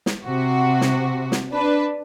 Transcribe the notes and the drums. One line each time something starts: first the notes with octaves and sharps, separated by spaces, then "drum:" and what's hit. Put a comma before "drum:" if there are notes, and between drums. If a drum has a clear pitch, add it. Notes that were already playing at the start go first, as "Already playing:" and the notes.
drum: snare
C3 F#4
drum: snare
drum: snare
D4 B4